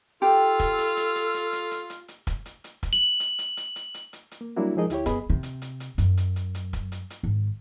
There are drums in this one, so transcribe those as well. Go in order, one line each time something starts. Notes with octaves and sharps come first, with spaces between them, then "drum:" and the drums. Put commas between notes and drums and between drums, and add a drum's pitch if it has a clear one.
F4 G4 A4
drum: kick, hi-hat
drum: hi-hat
drum: hi-hat
drum: hi-hat
drum: hi-hat
drum: hi-hat
drum: hi-hat
drum: hi-hat
drum: hi-hat
drum: kick, hi-hat
drum: hi-hat
drum: hi-hat
drum: kick, hi-hat
F#7
drum: hi-hat
drum: hi-hat
drum: hi-hat
drum: hi-hat
drum: hi-hat
drum: hi-hat
drum: hi-hat
A#3
F#3 G3 A#3 D4 E4 F#4
F3 G#3 D#4 G#4 A#4 D#5
D2 E4 G4 C#5, drum: hi-hat
F#2 B3 G#4 D#5 B5, drum: kick, hi-hat
C3
drum: hi-hat
drum: hi-hat
drum: hi-hat
F#2, drum: hi-hat
drum: hi-hat
drum: hi-hat
drum: hi-hat
drum: kick, hi-hat
drum: hi-hat
drum: hi-hat
G#1